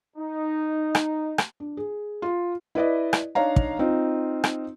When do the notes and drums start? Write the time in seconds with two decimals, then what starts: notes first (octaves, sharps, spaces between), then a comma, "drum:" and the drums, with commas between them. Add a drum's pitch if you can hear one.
0.17 D#4
0.95 drum: rim click
1.38 drum: rim click
1.60 D4
1.77 G#4
2.22 F4
2.75 E4 B4 D5 D#5
3.13 drum: rim click
3.35 D4 D#4 C#5 F5 A#5
3.56 drum: kick
3.79 C4 D#4 F4
4.44 drum: rim click